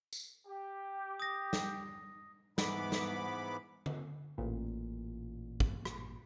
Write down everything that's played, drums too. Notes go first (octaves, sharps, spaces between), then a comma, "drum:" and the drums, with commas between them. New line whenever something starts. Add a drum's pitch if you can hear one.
drum: tambourine
G4
D#6 A#6
drum: snare
G#2 E3 B3 B5 D6, drum: snare
drum: snare
drum: tom D3
A1 A#2
drum: kick
drum: rim click